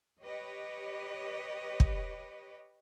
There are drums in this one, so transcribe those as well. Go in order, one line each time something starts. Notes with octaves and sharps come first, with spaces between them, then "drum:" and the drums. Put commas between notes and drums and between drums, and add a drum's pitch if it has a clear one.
G4 B4 C#5 D#5
drum: kick